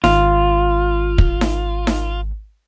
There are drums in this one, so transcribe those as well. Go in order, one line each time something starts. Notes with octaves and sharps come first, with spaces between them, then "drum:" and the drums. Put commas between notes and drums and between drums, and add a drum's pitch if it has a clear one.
G#1 F4, drum: snare D#4
drum: kick
drum: snare D#4
drum: snare D#4